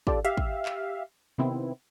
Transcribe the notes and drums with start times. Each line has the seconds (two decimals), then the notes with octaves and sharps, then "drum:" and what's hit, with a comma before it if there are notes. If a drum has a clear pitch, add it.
0.07 D4 F4 G4 A4 D5, drum: kick
0.25 G4 E5 F5, drum: hi-hat
0.37 drum: kick
0.66 drum: clap
1.38 C3 D#3 B3 C4 E4